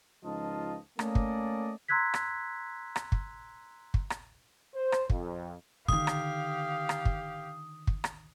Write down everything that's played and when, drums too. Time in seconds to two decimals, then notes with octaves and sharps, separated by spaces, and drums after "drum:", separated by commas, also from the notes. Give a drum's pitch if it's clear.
0.24 C#2 F3 D#4 F4 D#5 A5
0.99 A3 A#3 C#4 A4 D5 D#5, drum: rim click
1.15 drum: kick
1.88 A#5 C6 E6 F#6 G#6 B6
2.14 drum: rim click
2.96 drum: rim click
3.12 drum: kick
3.94 drum: kick
4.10 drum: rim click
4.75 C5
4.92 drum: rim click
5.10 F2, drum: kick
5.88 D3 D#3 G4 F5 D#6, drum: kick
6.07 drum: rim click
6.89 drum: rim click
7.05 drum: kick
7.87 drum: kick
8.04 drum: rim click